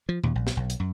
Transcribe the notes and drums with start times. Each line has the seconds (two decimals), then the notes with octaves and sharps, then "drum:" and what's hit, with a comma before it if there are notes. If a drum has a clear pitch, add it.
0.09 F3
0.24 D#2, drum: tom A#2
0.35 A#1
0.47 drum: snare
0.57 B1
0.70 drum: hi-hat
0.80 F#2